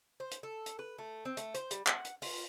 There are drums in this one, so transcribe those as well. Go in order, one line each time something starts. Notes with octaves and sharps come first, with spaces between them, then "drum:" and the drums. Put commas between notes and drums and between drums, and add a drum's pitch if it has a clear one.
C5
drum: hi-hat
A4
drum: hi-hat
B4
A3
C4
A3, drum: hi-hat
C5, drum: hi-hat
G3, drum: hi-hat
F#5, drum: clap
drum: hi-hat
F4, drum: open hi-hat